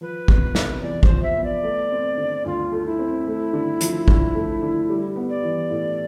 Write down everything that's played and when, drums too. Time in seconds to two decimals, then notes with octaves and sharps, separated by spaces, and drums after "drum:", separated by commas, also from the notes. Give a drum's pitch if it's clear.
0.01 F3 B4
0.28 B3, drum: kick G#1
0.55 C3, drum: snare
0.82 E2 D5
1.03 C5, drum: kick G#1
1.09 F3
1.22 E5
1.37 B3
1.43 D5
1.63 A3
1.91 C4
2.17 D3
2.45 D2 F4
2.72 A3
2.85 E4
2.99 C4
3.27 A3
3.53 D3
3.81 F3, drum: hi-hat
4.08 D3, drum: kick G#1
4.35 A3
4.62 D3
4.89 G3
5.16 B3
5.29 D5
5.43 E3
5.70 A2